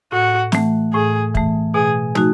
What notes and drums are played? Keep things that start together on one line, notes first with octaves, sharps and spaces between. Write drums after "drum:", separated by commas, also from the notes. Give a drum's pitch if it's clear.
A2 F#4
E3 A3, drum: snare
A2 G#4
E3 A3, drum: kick
B2 G#4
A3 D#4 F#4, drum: tom